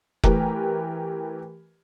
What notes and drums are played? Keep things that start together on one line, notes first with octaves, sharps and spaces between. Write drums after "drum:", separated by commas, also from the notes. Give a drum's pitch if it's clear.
E3 A3 G4 A#4 B4, drum: kick F1